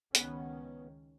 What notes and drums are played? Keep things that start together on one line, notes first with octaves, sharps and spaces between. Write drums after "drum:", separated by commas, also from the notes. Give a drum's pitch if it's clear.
C#2 D#3 B3 C#4, drum: hi-hat